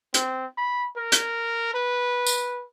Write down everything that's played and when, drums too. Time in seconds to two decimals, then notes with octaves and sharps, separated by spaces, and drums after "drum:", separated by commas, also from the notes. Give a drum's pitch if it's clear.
0.14 C4, drum: hi-hat
0.57 B5
0.97 A#4
1.12 drum: hi-hat
1.74 B4
2.26 drum: tambourine